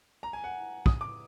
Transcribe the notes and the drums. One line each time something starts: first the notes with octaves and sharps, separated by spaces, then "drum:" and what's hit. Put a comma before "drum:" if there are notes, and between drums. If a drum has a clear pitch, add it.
A#5
G#5
F#5
D#6, drum: kick
D6